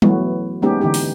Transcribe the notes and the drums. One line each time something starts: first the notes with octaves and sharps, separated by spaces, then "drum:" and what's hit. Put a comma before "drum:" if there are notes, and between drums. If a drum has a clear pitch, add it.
E3 F#3 A3 B3 E4 F#4, drum: tom G3
G#3 A#3 B3 C#4 D#4 G4
D3 E3 D#4 G4
drum: open hi-hat